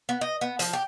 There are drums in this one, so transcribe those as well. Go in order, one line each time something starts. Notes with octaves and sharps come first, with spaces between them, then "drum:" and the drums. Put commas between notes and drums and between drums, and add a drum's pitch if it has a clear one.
B3
D#5
B3
F3, drum: hi-hat
G4